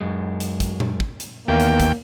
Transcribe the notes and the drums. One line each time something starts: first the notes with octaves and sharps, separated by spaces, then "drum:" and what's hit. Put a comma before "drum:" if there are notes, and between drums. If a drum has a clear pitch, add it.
F#2 G#3
drum: hi-hat
drum: kick, hi-hat
drum: tom A#2
drum: kick
drum: hi-hat
D#2 E3 A#3 B3 B4 G5
drum: hi-hat
drum: kick, hi-hat